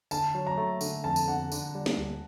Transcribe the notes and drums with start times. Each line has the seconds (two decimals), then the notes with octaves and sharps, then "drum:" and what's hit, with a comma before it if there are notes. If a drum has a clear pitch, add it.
0.11 D3 A5, drum: tambourine
0.35 F#3
0.47 A#5
0.57 A3
0.81 D3, drum: tambourine
1.04 F2 A5
1.16 drum: tambourine
1.28 D3 F#5
1.52 D3, drum: tambourine
1.75 G3
1.86 drum: snare
1.98 D2